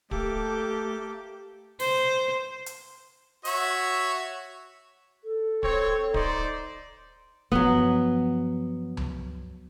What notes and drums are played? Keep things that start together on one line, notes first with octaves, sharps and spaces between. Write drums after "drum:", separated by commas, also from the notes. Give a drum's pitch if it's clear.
A3 A#3 G4 A4 D6, drum: kick
C5, drum: open hi-hat
drum: hi-hat
F#4 C#5 E5, drum: open hi-hat
A4
C4 C#5, drum: kick
D#4 C5 D5, drum: kick
G2 F3 F#3 B3
drum: tom C#2